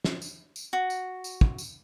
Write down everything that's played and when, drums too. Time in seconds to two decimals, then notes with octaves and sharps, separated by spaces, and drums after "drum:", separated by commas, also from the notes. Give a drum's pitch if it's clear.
0.04 drum: snare
0.22 drum: tambourine
0.56 drum: tambourine
0.73 F#4
0.90 drum: tambourine
1.24 drum: tambourine
1.41 drum: kick
1.58 drum: tambourine